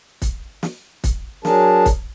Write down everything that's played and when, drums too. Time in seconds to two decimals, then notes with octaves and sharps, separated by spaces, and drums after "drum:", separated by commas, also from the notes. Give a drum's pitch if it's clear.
0.22 drum: kick, hi-hat
0.63 drum: snare
1.04 drum: kick, hi-hat
1.45 F#3 D4 G#4 A#4 A5, drum: snare
1.86 drum: kick, hi-hat